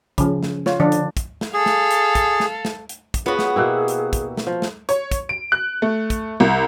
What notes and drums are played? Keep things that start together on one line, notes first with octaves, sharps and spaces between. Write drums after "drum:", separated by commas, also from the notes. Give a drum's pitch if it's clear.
C#3 F3, drum: kick, hi-hat
drum: snare
F4 C#5, drum: snare
D3 F3 D4
drum: hi-hat
drum: kick, hi-hat
drum: snare
G#4 A4 F5
drum: snare
drum: hi-hat
drum: kick, hi-hat
drum: snare
drum: snare
drum: hi-hat
drum: kick, hi-hat
B3 F4 F#4 G#4 B4 C#5
drum: snare
B2 A#3 E4 G4 E6 F#6
drum: hi-hat
drum: kick, hi-hat
drum: snare
F3
drum: snare
C#5, drum: hi-hat
drum: kick, hi-hat
D7
F#6
A3
drum: kick, hi-hat
C2